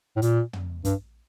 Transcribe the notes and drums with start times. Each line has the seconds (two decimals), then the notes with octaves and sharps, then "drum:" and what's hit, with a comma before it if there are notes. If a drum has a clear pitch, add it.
0.17 A2
0.22 A#2, drum: hi-hat
0.53 drum: tom
0.85 G2, drum: kick, hi-hat